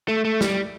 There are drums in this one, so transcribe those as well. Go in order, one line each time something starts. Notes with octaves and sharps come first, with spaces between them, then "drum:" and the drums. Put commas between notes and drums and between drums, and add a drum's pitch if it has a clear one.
A3
A3
G3, drum: snare